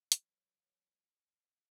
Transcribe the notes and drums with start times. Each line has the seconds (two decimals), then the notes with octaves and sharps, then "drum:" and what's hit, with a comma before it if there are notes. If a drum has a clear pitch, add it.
0.12 F3 G3 F4 B4 C#5, drum: hi-hat